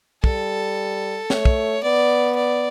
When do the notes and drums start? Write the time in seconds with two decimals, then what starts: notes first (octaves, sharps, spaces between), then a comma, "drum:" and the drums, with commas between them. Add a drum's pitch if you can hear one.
0.24 G3 A4, drum: kick
1.30 A3 C#5, drum: snare
1.45 drum: kick
1.83 B3 D5
2.36 D5